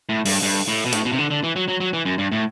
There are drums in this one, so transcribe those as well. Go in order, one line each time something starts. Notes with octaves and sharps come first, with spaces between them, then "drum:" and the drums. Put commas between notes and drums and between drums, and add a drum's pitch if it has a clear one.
A2
G2, drum: open hi-hat
G2
A2
B2
A2, drum: hi-hat
B2
C3
D3
D3
E3
F#3
F#3
F#3
E3
F#2
G2
A2